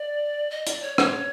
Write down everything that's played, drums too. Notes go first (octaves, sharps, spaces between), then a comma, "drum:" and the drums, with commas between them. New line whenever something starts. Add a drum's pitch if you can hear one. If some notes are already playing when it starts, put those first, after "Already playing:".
Already playing: D5
D#5
D5, drum: hi-hat
C#5
C#5, drum: rim click